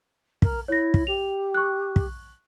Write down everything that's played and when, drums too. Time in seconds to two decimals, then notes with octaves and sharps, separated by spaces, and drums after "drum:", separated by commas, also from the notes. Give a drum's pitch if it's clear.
0.42 A#4, drum: kick
0.68 E4 C#5 A#6
0.94 drum: kick
1.07 G4 F7
1.54 C#6 F#6
1.96 drum: kick